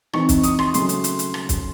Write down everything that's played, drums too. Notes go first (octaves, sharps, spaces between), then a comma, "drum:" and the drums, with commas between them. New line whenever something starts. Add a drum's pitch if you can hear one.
E3 C4 D#4 C#6, drum: rim click
drum: kick, hi-hat
D#6, drum: hi-hat
C6, drum: rim click
C#3 F#3 A3 C#4 C6, drum: hi-hat
drum: hi-hat
drum: hi-hat
drum: hi-hat
drum: rim click
drum: kick, hi-hat